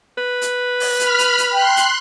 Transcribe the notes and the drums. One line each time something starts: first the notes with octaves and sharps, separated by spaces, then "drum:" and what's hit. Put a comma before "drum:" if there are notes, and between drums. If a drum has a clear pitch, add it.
B4
drum: hi-hat
drum: open hi-hat
B5 F6, drum: hi-hat
drum: hi-hat
drum: hi-hat
G5 C6 F#6
drum: hi-hat